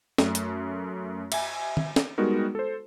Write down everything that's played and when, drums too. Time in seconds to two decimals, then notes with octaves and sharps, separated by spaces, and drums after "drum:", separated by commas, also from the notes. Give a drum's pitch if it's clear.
0.18 F#2 A3, drum: snare
0.35 drum: hi-hat
1.32 E5 G#5, drum: cymbal
1.77 drum: tom D#3
1.96 drum: snare
2.18 G3 G#3 B3 D#4 F#4 A#4
2.55 A4 C5